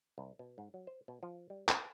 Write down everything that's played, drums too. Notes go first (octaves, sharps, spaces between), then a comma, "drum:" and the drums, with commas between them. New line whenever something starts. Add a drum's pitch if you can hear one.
C2
B2
G#2
F#3
C5
B2
F3
G3
B4, drum: clap